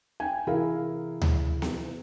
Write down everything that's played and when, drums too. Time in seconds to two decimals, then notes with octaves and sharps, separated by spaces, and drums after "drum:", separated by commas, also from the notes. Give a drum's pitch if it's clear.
0.20 G5 G#5
0.47 C3 E3 E4 G#4 A#4 F5
1.22 drum: tom D2
1.62 drum: snare B3